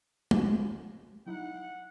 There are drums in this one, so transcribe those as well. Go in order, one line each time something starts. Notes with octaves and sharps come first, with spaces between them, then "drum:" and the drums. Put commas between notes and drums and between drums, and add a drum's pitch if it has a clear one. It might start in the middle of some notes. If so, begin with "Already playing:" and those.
drum: tom
F#3 D#4 E4 F#5